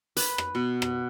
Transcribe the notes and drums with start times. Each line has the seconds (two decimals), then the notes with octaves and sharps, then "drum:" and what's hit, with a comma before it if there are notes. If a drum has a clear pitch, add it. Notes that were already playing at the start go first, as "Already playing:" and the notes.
0.17 B4, drum: hi-hat
0.38 drum: rim click
0.55 B2
0.82 drum: rim click